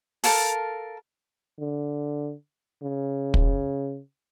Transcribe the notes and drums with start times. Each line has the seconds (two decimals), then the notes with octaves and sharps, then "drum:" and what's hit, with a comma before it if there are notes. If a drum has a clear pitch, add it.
0.24 A4 A#4 F5 A5, drum: open hi-hat
1.59 D3
2.82 C#3
3.34 drum: kick